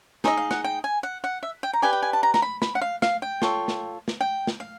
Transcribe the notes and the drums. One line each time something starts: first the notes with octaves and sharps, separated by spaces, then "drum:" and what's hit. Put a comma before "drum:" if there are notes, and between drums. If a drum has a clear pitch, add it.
D#4 G#4 C5 D#5 E5, drum: snare
F5
F#5, drum: snare
G5
G#5
F#5
F#5
E5
G5
A#5
G4 B4 D5 G#5
G5
G#5
A5
A#5
A#5, drum: snare
B5
B5, drum: snare
F#5
F5
F5, drum: snare
G5
F4 A4 C#5, drum: snare
drum: snare
drum: snare
G5
drum: snare
F5